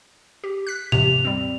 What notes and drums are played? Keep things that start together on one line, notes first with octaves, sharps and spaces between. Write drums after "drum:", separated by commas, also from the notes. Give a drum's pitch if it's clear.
G4
F#6 B6
D#2 C3 F7, drum: tom G#2
G3 C4